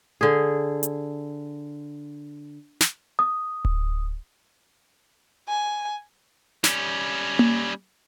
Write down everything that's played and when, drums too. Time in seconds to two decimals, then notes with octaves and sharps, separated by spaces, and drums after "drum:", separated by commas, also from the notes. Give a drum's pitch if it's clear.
0.21 D3 G#4
0.83 drum: hi-hat
2.80 drum: snare
3.19 D#6
3.65 drum: kick D1
5.48 G#5
6.64 G3 C#4, drum: snare
7.39 drum: tom A#3